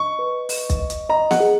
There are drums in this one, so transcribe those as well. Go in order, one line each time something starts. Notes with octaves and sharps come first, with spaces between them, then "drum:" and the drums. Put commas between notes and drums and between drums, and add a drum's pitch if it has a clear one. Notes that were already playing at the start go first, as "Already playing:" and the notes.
Already playing: D#5 C#6
B4
D#5, drum: open hi-hat
drum: kick, hi-hat
D#5
drum: hi-hat
D#5 A#5
F#5, drum: snare B3
G#4